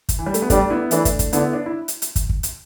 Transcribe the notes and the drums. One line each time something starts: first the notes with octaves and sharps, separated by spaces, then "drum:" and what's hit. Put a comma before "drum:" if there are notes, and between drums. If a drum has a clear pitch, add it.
drum: kick, hi-hat
E3
G3
A3, drum: hi-hat
B3
G3 A3 D4, drum: kick, hi-hat
B3 E4
E3 A3 D4, drum: hi-hat
drum: kick, hi-hat
drum: kick, hi-hat
D3 B3 E4, drum: hi-hat
D4
E4
drum: hi-hat
drum: hi-hat
drum: kick, hi-hat
drum: kick
drum: hi-hat